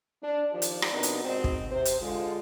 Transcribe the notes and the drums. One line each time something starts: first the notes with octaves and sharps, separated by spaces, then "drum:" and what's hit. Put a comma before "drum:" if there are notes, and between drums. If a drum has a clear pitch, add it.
D4
D#3 F3 G4 D5
drum: hi-hat
drum: rim click
C3 B3 D4 D#4 F#4 A#4
drum: hi-hat
G#2 C4 F#4 C5 D#5
drum: kick
C3 C5
drum: hi-hat
D3 G#3 F4